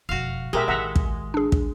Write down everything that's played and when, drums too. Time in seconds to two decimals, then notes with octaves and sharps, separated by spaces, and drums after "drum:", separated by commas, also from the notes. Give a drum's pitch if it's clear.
0.09 E1 F2 F#4 F5
0.53 A#2 G#3 B3 G4 A#4 E5
0.68 A1 D#3 E5 F#5 A#5
0.96 drum: kick
1.34 D4 G#4
1.52 drum: kick